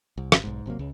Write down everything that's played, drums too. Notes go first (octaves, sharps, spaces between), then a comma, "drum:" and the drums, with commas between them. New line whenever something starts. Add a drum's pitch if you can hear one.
C2
G1, drum: rim click
B1 G#2
G#1 C3 F#3 A#3
C#2 C#3